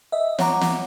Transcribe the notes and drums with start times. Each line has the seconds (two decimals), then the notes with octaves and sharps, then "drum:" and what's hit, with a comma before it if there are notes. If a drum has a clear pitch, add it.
0.12 D#5 E5
0.39 C#5 F#5 A#5 D6, drum: snare
0.61 drum: snare